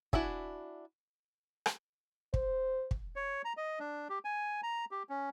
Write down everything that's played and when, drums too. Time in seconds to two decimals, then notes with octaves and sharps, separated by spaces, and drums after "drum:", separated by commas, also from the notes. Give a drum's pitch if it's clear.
0.13 D4 E4 F#4 E5 G#5, drum: kick
1.66 drum: rim click
2.34 C5, drum: kick
2.91 drum: kick
3.16 C#5
3.45 A#5
3.57 D#5
3.80 D4
4.10 G4
4.25 G#5
4.63 A#5
4.91 G4
5.09 C#4